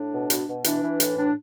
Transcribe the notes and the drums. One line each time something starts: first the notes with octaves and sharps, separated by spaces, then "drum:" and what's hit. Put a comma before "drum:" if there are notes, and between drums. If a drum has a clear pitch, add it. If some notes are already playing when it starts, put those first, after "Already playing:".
Already playing: A2 D4
B2
B2, drum: hi-hat
B2
E3 D4, drum: hi-hat
E3
A2, drum: hi-hat
A2 D4